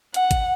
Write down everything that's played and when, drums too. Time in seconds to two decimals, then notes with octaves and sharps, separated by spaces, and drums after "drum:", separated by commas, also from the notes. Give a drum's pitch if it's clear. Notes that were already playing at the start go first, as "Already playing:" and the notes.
0.14 F#5, drum: hi-hat
0.31 drum: kick G#1, hi-hat